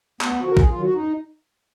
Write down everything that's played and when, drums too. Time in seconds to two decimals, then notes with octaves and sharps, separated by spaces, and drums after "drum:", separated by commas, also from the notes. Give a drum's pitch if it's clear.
0.21 D2 B3, drum: clap
0.39 D3 F3 F#4
0.51 A#4
0.57 F2 G#4, drum: kick
0.69 F4
0.75 D#3 F#3
0.81 F#4
0.93 F#2 D#4